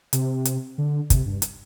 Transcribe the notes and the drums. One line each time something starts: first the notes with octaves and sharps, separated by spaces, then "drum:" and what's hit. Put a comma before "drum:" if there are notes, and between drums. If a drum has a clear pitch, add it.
C3, drum: hi-hat
drum: hi-hat
D3
C3, drum: kick, hi-hat
G2
drum: hi-hat